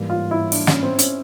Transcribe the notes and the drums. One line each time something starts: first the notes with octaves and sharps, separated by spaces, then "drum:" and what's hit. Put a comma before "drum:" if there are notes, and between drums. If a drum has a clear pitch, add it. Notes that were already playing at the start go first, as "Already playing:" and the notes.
Already playing: G#2 E3 G3 A#3
F4
E4
D4, drum: open hi-hat
C#4, drum: snare
C4
C#4, drum: hi-hat